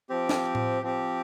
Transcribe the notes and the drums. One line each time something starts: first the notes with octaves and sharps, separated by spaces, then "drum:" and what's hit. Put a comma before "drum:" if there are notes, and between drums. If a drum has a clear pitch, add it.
F3 C4 G4
drum: snare
drum: tom A2
F3 C4 G4